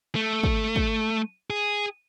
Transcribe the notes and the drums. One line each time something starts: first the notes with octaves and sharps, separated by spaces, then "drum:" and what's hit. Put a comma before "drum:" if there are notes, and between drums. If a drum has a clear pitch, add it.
A3
drum: kick
drum: kick
G#4